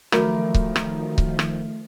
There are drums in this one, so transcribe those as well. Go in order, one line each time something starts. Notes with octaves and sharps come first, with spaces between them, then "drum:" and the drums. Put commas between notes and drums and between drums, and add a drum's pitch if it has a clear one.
D#3 F3 F#3 A3 A#4, drum: rim click
drum: kick C#1
drum: rim click
drum: kick C#1
drum: rim click